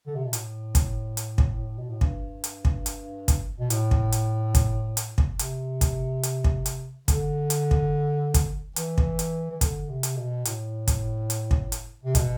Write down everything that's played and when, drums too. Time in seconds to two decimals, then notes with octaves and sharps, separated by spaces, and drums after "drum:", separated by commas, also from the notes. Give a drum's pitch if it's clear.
0.07 D3
0.15 C3
0.24 B2
0.33 A2, drum: hi-hat
0.75 drum: kick, hi-hat
1.17 drum: hi-hat
1.38 drum: kick
1.78 B2
1.90 A2
2.01 G2, drum: kick
2.44 drum: hi-hat
2.65 drum: kick
2.86 drum: hi-hat
3.28 drum: kick, hi-hat
3.59 B2
3.70 A2, drum: hi-hat
3.91 drum: kick
4.12 drum: hi-hat
4.55 drum: kick, hi-hat
4.97 drum: hi-hat
5.18 drum: kick
5.39 C3, drum: hi-hat
5.81 drum: kick, hi-hat
6.23 drum: hi-hat
6.44 drum: kick
6.66 drum: hi-hat
7.08 D3, drum: kick, hi-hat
7.50 drum: hi-hat
7.71 drum: kick
8.34 drum: kick, hi-hat
8.76 E3, drum: hi-hat
8.98 drum: kick
9.19 drum: hi-hat
9.51 E3
9.61 D3, drum: kick, hi-hat
9.89 C3
10.03 drum: hi-hat
10.17 B2
10.45 A2, drum: hi-hat
10.88 drum: kick, hi-hat
11.30 drum: hi-hat
11.51 drum: kick
11.72 drum: hi-hat
12.03 C3
12.15 B2, drum: kick, hi-hat